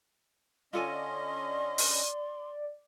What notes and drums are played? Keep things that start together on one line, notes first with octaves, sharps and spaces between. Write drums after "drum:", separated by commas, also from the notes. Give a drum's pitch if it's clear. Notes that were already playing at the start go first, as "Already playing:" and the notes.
D3 C#4 F4 A4 D5 D#5 G#5 C6
drum: open hi-hat